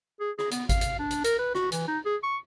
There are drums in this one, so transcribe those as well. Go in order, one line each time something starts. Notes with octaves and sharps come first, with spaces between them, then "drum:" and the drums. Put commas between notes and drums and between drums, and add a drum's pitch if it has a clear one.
G#4
G#4, drum: rim click
B3, drum: hi-hat
F5, drum: kick G#1, hi-hat
drum: hi-hat
D4
drum: hi-hat
A#4, drum: hi-hat
B4
F#4, drum: rim click
E3, drum: hi-hat
D#4
G#4
C#6